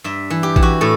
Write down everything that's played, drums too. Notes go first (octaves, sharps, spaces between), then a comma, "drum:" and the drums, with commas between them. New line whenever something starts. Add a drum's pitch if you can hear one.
G2 E5
E3
G4
E3, drum: kick A1
F#4
A2 A4